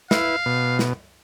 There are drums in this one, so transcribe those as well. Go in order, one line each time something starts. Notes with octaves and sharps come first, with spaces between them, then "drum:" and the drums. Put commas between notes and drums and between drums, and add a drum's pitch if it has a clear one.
E4 B4 F5, drum: snare
B2
drum: snare